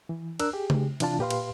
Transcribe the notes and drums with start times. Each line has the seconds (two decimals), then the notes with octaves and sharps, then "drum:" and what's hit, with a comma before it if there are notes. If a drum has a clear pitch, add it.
0.09 E3
0.40 D4 A#4 E6 F#6, drum: cymbal
0.53 G4 G#4
0.70 drum: tom C#3
1.00 C3 E3 D4 F4 A5, drum: cymbal
1.19 A#2 G4 B4 F5 C6
1.30 drum: cymbal